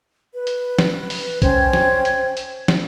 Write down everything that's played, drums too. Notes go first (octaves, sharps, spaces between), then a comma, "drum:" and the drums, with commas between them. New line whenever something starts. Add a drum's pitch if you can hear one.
B4
drum: hi-hat
drum: snare
drum: open hi-hat
C#4 C5 G5 G#6, drum: kick A#1, hi-hat
drum: snare
drum: hi-hat
drum: hi-hat
drum: snare